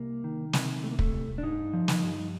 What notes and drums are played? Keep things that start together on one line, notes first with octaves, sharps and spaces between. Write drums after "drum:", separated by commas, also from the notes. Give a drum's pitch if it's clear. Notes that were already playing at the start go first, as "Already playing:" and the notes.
Already playing: C2 A#3
D#3
C3, drum: snare
C2 A3
A#3
A3, drum: kick
C2
D4
G2 D#4
F3
drum: snare
G2